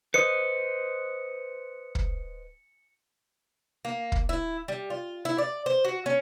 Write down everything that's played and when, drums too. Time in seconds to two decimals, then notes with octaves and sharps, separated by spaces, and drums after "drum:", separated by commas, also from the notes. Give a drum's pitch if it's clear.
0.14 B4 C5 D#5 C#7
1.95 drum: kick
3.85 A#3
4.12 drum: kick
4.29 E4
4.68 G3
4.90 F4
5.25 E4
5.38 D5
5.66 C5
5.85 F#4
6.06 C#4